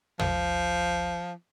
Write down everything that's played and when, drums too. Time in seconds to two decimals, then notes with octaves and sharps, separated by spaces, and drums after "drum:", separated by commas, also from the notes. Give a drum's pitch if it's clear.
0.19 F3, drum: tom